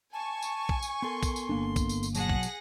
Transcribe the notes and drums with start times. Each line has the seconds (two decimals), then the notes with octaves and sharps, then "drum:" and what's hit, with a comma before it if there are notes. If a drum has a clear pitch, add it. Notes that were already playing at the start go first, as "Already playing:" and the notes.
0.13 G#5 A5 C#6
0.42 drum: tambourine
0.69 drum: kick
0.83 drum: tambourine
1.02 B3 A4 A#4 C6
1.23 drum: kick, tambourine
1.36 drum: tambourine
1.49 G1 A#3 D4
1.76 drum: kick, tambourine
1.89 drum: tambourine
2.03 drum: tambourine
2.15 B2 F#3 G#4 F#5 A5 A#6, drum: tambourine
2.30 drum: kick
2.43 drum: tambourine